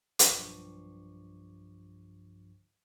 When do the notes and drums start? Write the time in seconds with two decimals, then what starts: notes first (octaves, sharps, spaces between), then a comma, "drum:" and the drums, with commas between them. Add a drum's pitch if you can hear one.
0.19 B1 G2 F3 C#6 D6 C7, drum: hi-hat